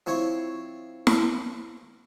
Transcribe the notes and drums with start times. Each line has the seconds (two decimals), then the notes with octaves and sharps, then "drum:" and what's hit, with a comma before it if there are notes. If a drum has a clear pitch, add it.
0.06 F3 C4 E4 C#5
1.07 drum: snare